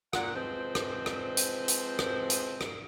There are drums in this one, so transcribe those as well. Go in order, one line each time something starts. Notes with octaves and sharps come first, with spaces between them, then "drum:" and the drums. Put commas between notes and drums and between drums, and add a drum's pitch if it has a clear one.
A#2 F#5, drum: rim click
F3 G#3 C4 B4 C5
drum: rim click
drum: rim click
drum: hi-hat
drum: hi-hat
drum: rim click
drum: hi-hat
drum: rim click